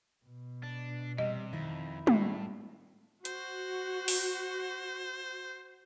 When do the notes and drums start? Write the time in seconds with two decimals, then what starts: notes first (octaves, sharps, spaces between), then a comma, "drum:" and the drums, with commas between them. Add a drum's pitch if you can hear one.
0.25 B2
0.63 D4
1.18 C3 G3 D#5
1.53 F2 D#3 E4
2.07 A2 G3, drum: tom
3.25 F#4 C5, drum: hi-hat
4.08 drum: open hi-hat